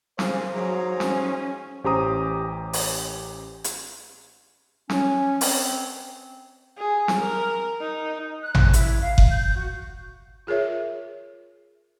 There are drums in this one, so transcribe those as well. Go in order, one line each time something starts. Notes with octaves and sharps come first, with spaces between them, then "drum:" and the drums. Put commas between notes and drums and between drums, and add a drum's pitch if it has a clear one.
C#3 A#3 C5, drum: snare
G#2 F#3 F#4 G#4 C#5 F5 A#5
C#4 G#5, drum: snare
A1 C#4 G4 C5 A#5 D#6
drum: open hi-hat
drum: hi-hat
C#4, drum: snare
C4, drum: open hi-hat
G#4
drum: snare
A#4
D#4
F#6
drum: tom
E4, drum: hi-hat
F5
drum: kick F#1
G6
F#4
F4 G#4 A#4 C#5 E5